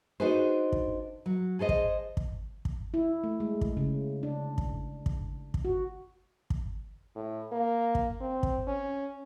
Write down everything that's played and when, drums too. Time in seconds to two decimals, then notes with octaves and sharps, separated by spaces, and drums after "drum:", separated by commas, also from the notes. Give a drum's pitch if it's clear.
0.20 D4 D#4 F#4 G#4 B4 C5
0.72 drum: kick
1.26 F#3
1.59 G#4 A4 C5 D#5
1.69 drum: kick
2.17 drum: kick
2.65 drum: kick
2.94 E4
3.24 A3
3.40 G#3
3.61 drum: kick
3.77 C#3
4.23 D4
4.58 drum: kick
5.06 drum: kick
5.54 drum: kick
5.65 F#4
6.50 drum: kick
7.15 A2
7.52 A#3
7.95 drum: kick
8.21 C4
8.43 drum: kick
8.67 C#4